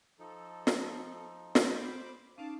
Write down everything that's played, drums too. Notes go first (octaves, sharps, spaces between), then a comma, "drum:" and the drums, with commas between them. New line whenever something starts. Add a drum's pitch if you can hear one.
F3 D#4 A4
drum: snare
C5 B5 D6, drum: snare
C#4 D#4 F5 A5 D6